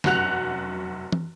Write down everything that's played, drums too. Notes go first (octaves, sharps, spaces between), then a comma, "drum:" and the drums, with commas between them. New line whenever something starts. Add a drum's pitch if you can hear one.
F1 F#2 F#4 F#5 F#6 F7, drum: snare
drum: tom